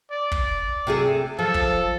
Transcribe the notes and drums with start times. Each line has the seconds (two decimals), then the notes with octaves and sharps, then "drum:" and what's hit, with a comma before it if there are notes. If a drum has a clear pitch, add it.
0.11 D5
0.32 drum: kick
0.87 C3 A3 G#4
1.39 F3 A4
1.54 drum: kick